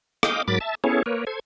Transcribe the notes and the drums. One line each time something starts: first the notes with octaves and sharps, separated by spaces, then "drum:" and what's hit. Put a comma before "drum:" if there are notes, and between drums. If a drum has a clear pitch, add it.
D#5 F5 G5 D6 D#6, drum: rim click
G#2 F#3 A#4 B5 D6 A6
E5 A5
B3 C#4 E4 G#4 A4 C#5
A#3 A#4 B4 C#5
A4 C5 G#6